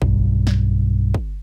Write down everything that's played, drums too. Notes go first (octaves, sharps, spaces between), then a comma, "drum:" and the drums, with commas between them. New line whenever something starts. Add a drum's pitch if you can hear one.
B1 G2, drum: kick
drum: snare
drum: kick